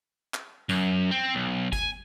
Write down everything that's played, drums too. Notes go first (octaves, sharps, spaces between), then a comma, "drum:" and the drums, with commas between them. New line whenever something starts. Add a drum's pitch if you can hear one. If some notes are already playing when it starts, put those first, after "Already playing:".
drum: clap
F#2, drum: tambourine
C4
B1
G#5, drum: kick G1, tambourine